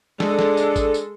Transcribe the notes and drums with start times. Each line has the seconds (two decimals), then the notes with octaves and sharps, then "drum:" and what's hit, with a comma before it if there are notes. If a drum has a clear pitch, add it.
0.20 G#3 D4 A4, drum: snare
0.39 drum: snare
0.57 drum: tambourine
0.76 drum: kick, tambourine
0.94 drum: tambourine